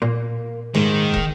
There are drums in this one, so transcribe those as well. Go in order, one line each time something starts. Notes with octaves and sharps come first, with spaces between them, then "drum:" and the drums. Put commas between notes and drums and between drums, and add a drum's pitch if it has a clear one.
A#2 A#3
D#2 G#2 D#3 A#3
drum: kick